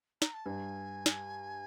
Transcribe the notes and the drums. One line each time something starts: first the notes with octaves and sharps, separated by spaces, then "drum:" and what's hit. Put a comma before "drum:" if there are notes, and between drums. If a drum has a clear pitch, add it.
A#5, drum: snare
A5
G2 G#5
drum: snare